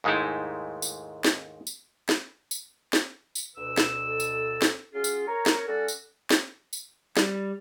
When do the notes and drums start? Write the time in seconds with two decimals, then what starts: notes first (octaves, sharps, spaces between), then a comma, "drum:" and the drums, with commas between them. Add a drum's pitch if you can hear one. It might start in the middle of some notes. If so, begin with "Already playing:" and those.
0.04 D#2 G#2 G#3 A3 D#4 E4
0.82 drum: tambourine
1.25 drum: snare
1.67 drum: tambourine
2.09 drum: snare
2.51 drum: tambourine
2.93 drum: snare
3.35 drum: tambourine
3.56 D2 B2 B4 E6
3.78 drum: snare
4.07 A4
4.20 drum: tambourine
4.62 drum: snare
4.93 F#3 C#4 F4 G#4
5.04 drum: tambourine
5.27 A#4 C#5 A#5
5.46 drum: snare
5.67 G3 C#4 F#4 A4
5.88 drum: tambourine
6.31 drum: snare
6.73 drum: tambourine
7.17 G3, drum: snare